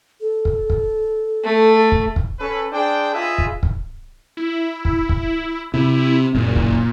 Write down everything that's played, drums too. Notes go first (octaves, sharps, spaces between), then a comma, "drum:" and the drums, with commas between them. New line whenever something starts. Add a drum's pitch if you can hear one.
A4
drum: kick
drum: kick
A3
drum: kick
drum: kick
C#4 A4 B4
D4 G#4 C5 G5
F4 G#4 B4 D#5 E5
drum: kick
drum: kick
E4
drum: kick
drum: kick
C3 E4
F#1 A#2
drum: kick